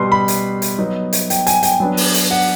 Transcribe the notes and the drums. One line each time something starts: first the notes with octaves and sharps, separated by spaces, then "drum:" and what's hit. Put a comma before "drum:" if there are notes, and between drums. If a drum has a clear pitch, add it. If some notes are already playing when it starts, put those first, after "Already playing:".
Already playing: B2 G3 B3 C6
B5
drum: hi-hat
drum: hi-hat
F#3 B3 D#4
drum: hi-hat
G5, drum: hi-hat
G#5, drum: hi-hat
G5, drum: hi-hat
F#3 B3 D4
drum: open hi-hat
drum: hi-hat
F#5